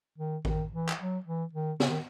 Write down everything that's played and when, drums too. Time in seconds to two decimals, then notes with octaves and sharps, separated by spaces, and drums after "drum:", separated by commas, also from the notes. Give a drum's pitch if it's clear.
0.18 D#3
0.45 D#3, drum: kick A1
0.72 E3
0.89 drum: clap
1.00 F#3
1.25 E3
1.53 D#3
1.80 C#3, drum: snare
1.89 D#3